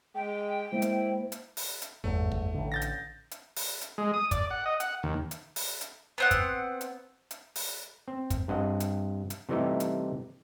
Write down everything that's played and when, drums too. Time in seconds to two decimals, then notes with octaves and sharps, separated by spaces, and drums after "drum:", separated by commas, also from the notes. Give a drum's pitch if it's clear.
0.15 G#3 G5
0.73 G#3 A#3 E4 C5
0.82 drum: hi-hat
1.32 drum: hi-hat
1.57 drum: open hi-hat
1.82 drum: hi-hat
2.04 G1 E2 G#2 A3
2.32 drum: kick
2.54 A1 D3
2.72 G6 A6 A#6
2.82 drum: hi-hat
3.31 drum: hi-hat
3.56 drum: open hi-hat
3.81 drum: hi-hat
3.98 G#3
4.14 D#6
4.31 D5, drum: kick, hi-hat
4.51 F#5
4.66 D#5
4.80 F#5, drum: hi-hat
5.03 D#2
5.31 drum: hi-hat
5.56 drum: open hi-hat
5.81 drum: hi-hat
6.18 B3 C4 F#5
6.31 drum: kick, hi-hat
6.81 drum: hi-hat
7.31 drum: hi-hat
7.56 drum: open hi-hat
8.08 C4
8.30 drum: kick, hi-hat
8.48 G2 C4 D#5 F#5
8.80 drum: hi-hat
9.30 drum: hi-hat
9.49 C3 E3 G3 A3 D#4 G4
9.80 drum: hi-hat